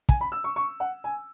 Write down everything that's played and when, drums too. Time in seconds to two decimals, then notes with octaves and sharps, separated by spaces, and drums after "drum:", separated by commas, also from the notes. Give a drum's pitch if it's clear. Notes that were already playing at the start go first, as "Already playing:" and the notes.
0.09 G#5, drum: kick
0.21 B5
0.32 E6
0.44 C#6
0.56 C#6
0.80 F#5
1.04 G#5